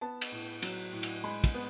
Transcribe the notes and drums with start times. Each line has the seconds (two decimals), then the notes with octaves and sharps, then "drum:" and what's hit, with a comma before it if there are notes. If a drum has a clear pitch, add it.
0.01 B3 A5
0.21 drum: cymbal
0.32 A2
0.62 F#3, drum: cymbal
0.93 A2
1.03 drum: cymbal
1.24 G#3 B5
1.44 drum: kick, cymbal
1.54 B3